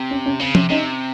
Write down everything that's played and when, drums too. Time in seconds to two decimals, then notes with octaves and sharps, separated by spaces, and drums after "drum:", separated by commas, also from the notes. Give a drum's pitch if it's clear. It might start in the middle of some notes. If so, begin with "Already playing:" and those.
Already playing: C3
0.11 C#4
0.26 C#4
0.40 C#3 C4
0.55 C3 C#4, drum: tom F3
0.70 C3 C#4 D#4